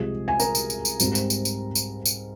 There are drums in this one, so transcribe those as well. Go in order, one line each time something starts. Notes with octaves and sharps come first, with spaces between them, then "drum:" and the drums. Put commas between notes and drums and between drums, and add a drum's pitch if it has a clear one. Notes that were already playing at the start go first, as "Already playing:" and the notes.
Already playing: C2 C3 F3 G#3 G#4
G#5
A#4 A#5, drum: tambourine
drum: tambourine
drum: tambourine
drum: tambourine
G#2 G3 C4, drum: tambourine
drum: tambourine
drum: tambourine
drum: tambourine
drum: tambourine
drum: tambourine